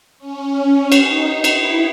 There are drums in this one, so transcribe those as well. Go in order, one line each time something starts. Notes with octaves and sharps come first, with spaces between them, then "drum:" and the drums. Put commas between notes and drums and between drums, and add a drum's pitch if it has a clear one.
C#4
drum: cymbal
D#4
E4, drum: cymbal